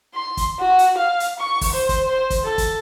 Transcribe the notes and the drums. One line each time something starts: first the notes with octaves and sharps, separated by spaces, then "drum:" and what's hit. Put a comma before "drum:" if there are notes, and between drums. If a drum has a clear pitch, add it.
C6
drum: kick, hi-hat
F#4
drum: hi-hat
F5
drum: hi-hat
C#6
drum: kick, open hi-hat
C5
drum: kick, hi-hat
C5
drum: kick, hi-hat
A4
drum: kick, hi-hat